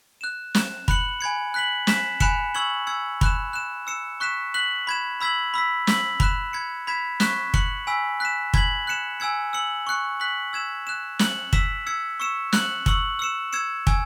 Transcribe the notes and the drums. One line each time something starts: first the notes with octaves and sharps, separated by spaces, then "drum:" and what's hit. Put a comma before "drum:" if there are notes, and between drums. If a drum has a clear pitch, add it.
F#6 E7
F#6 E7, drum: snare
B5 F#6 C#7 F#7, drum: kick
G#5 B5 G#6 C#7
F#6 B6 F#7
F#6 B6 E7, drum: snare
G#5 B5 F#6 C#7 E7, drum: kick
C#6 E6 G#6 C#7 F#7
E6 G#6 C#7
B5 F#6 E7, drum: kick
F#6 E7
E6 C#7 E7
C#6 F#6 B6 E7
F#6 B6 F#7
B5 G#6 E7
B5 E6 G#6 B6 F#7
B5 E6 B6
E6 B6 F#7, drum: snare
B5 F#6 E7, drum: kick
B5 G#6 C#7
B5 G#6 B6 E7
C#6 F#6 B6 E7, drum: snare
F#6 C#7 F#7, drum: kick
G#5 B5 E6 B6
F#6 B6 E7
B5 G#6 B6 F#7, drum: kick
F#6 C#7 E7
G#5 E6 G#6 C#7
E6 C#7 F#7
C#6 F#6 C#7
F#6 B6 F#7
E6 G#6 E7
F#6 E7
F#6 C#7 F#7, drum: snare
E6 B6 E7, drum: kick
E6 G#6 C#7
C#6 E6 C#7 E7
F#6 C#7 F#7, drum: snare
C#6 E6 C#7 F#7, drum: kick
E6 C#7 E7
E6 G#6 C#7 E7
G#5 E6 G#6, drum: kick